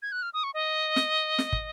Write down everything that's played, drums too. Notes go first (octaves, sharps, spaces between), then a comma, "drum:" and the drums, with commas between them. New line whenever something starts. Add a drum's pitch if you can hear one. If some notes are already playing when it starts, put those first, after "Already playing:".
G#6
F#6
F6
D#6
C#6
D#5
drum: snare
drum: snare
drum: kick